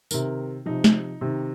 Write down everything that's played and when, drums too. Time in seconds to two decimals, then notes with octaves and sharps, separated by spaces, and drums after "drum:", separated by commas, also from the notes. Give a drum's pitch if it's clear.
0.11 C3 D#3 A#4, drum: tambourine
0.66 C3 F3 D#4
0.84 drum: snare
1.21 C3 D#3